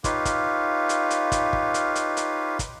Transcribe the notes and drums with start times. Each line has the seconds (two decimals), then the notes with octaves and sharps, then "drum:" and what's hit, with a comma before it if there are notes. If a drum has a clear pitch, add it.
0.04 D#4 F4 G4 B4 C#5 F5, drum: kick, hi-hat
0.25 drum: kick, hi-hat
0.89 drum: hi-hat
1.10 drum: hi-hat
1.32 drum: kick, hi-hat
1.53 drum: kick
1.74 drum: hi-hat
1.95 drum: hi-hat
2.17 drum: hi-hat
2.59 drum: kick, hi-hat